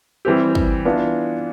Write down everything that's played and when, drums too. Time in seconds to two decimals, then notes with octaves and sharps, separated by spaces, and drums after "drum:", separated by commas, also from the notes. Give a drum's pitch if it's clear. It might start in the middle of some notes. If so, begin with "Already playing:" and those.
0.25 E3 G3 C4 G4
0.55 drum: kick
0.85 E3 B3 D4 F4